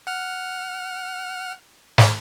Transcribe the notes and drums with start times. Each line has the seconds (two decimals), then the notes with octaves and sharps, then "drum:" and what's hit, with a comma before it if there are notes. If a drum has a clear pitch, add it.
0.07 F#5 F6
1.98 drum: snare